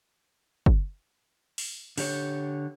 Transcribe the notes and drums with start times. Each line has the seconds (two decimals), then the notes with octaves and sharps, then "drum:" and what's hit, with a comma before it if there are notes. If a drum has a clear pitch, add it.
0.66 drum: kick
1.58 drum: open hi-hat
1.98 D3 G4 C#5, drum: open hi-hat